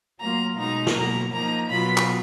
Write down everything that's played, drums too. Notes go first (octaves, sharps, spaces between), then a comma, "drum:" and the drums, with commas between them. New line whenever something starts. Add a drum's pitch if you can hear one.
F#3 A#3 F4 A#5
B2 G#3 D#4 A#5
drum: snare
B2 F#3 A#3 A#5
F3 A#3 D#4 A#5
B2 F#3 B3 F4 B5
drum: clap